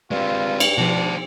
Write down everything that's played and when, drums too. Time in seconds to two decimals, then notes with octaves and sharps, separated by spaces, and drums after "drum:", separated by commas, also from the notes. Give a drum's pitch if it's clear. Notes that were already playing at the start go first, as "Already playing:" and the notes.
0.11 G2 G#3 C4 F4
0.60 drum: cymbal
0.78 B2 F3 D4 F#4 C5 D#7